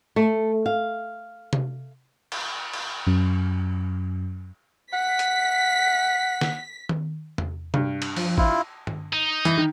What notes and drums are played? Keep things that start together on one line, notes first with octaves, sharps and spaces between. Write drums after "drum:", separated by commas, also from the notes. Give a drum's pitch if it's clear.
A3
F5
drum: tom C3
drum: cymbal
drum: cymbal
F#2
F#5 B6
drum: hi-hat
drum: snare
drum: tom D#3
drum: tom E2
G2, drum: tom C3
drum: cymbal
F3, drum: open hi-hat
E4 F4, drum: kick
drum: tom
D#4
E3, drum: hi-hat
D#3